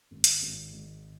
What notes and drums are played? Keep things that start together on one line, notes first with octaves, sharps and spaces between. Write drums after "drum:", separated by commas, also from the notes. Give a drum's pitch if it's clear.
G#1
drum: hi-hat
G#1
G#3